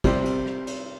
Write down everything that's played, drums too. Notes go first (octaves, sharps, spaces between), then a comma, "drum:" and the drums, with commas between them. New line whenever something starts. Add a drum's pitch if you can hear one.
C3 G3 C4 G4, drum: kick, cymbal
drum: cymbal
drum: rim click
drum: cymbal